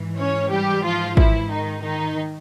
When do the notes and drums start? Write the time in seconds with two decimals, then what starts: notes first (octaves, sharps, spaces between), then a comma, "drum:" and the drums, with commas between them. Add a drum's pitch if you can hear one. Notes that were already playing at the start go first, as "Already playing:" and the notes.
Already playing: G#2 E3
0.18 C#4 C#5
0.51 G3 G4
0.84 F3 F4
1.17 E3 E4, drum: kick
1.49 D#3 D#4
1.83 D#3 D#4